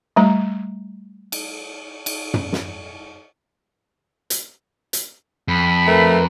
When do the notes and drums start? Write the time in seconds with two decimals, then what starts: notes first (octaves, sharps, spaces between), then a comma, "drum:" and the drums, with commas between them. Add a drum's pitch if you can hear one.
0.16 G3 A3 A#5
1.32 drum: cymbal
2.06 drum: cymbal
2.34 drum: tom
2.52 drum: snare
4.30 drum: hi-hat
4.93 drum: hi-hat
5.48 F2 B5
5.87 A3 A#4 B4